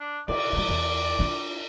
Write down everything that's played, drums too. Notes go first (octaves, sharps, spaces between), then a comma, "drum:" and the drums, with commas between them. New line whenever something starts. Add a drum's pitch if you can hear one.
D4
D3 D5, drum: cymbal
D3 G3
E2
D4 F4